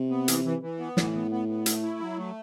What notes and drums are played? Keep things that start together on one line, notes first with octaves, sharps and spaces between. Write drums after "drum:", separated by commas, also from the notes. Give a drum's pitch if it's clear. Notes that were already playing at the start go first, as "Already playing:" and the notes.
Already playing: C3
B3
E3, drum: hi-hat
E3
E3
B3
A2 E3, drum: snare
B3
B3
B3
A3, drum: hi-hat
E4
F#3
A3